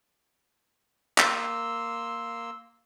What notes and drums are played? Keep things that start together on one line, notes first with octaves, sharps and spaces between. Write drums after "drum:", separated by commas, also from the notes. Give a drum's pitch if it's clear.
A#3 C6 E6, drum: clap